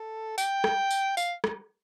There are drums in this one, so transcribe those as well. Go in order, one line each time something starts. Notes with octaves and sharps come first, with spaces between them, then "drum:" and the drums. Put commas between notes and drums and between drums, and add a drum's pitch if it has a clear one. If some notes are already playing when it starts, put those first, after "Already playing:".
Already playing: A4
G5, drum: tambourine
drum: rim click
drum: tambourine
F5, drum: tambourine
drum: rim click